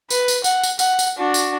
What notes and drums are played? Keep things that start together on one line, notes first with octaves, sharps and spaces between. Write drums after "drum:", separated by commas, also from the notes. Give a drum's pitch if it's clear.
B4, drum: tambourine
drum: tambourine
F#5, drum: tambourine
drum: tambourine
F#5, drum: tambourine
drum: tambourine
D4 F#4
drum: tambourine